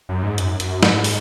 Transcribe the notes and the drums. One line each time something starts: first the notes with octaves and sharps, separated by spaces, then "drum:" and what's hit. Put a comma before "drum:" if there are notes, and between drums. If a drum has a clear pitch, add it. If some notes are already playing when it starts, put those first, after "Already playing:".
F#2
G#2
F#2, drum: hi-hat
F#2, drum: hi-hat
G#2, drum: snare
drum: open hi-hat